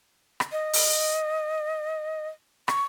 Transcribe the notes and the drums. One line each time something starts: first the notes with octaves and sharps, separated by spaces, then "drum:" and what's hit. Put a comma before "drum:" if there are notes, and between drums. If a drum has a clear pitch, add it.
drum: rim click
D#5
drum: open hi-hat
C#6, drum: rim click